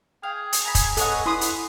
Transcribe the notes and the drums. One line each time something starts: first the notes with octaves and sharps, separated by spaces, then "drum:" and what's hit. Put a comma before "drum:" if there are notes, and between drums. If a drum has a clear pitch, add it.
G#4 F5 G5
drum: hi-hat
G#5 A#5 B5
drum: kick, hi-hat
B3 A4 C#5 D#5 F#5, drum: hi-hat
E4 B4 C6 D#6
drum: hi-hat